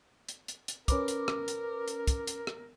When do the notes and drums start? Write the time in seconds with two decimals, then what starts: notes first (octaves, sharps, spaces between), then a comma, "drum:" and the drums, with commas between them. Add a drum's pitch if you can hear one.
0.29 drum: hi-hat
0.48 drum: hi-hat
0.68 drum: hi-hat
0.88 C#4 A#4 B4 D6, drum: kick, hi-hat
1.08 drum: hi-hat
1.28 drum: rim click
1.48 drum: hi-hat
1.88 drum: hi-hat
2.08 drum: kick, hi-hat
2.27 drum: hi-hat
2.47 drum: rim click